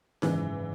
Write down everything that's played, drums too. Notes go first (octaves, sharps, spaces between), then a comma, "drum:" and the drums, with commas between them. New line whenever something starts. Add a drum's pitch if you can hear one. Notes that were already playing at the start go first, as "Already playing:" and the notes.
G#1 F#2 C#3 E3, drum: snare D#4